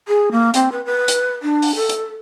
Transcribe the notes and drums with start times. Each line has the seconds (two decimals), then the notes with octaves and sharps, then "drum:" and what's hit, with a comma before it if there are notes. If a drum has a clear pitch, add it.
0.08 G#4
0.32 A#3
0.54 C4, drum: hi-hat
0.72 B4
0.85 B4
1.08 drum: hi-hat
1.43 D4
1.62 drum: open hi-hat
1.75 A4
1.89 drum: hi-hat